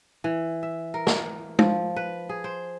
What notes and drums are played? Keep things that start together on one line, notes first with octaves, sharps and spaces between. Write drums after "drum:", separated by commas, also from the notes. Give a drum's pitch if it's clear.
E3
E5
A#4
drum: snare
F3, drum: tom
B4
G#4
C5